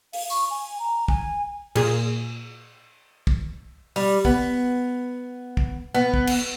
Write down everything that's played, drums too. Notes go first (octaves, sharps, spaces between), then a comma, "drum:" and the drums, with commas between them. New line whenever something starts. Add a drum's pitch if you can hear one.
F5, drum: open hi-hat
C#6, drum: tambourine
G#5
A#5
G#5, drum: kick
A#2 G#4, drum: cymbal
drum: kick
G3, drum: open hi-hat
B3, drum: kick
drum: kick
B3
drum: kick
drum: cymbal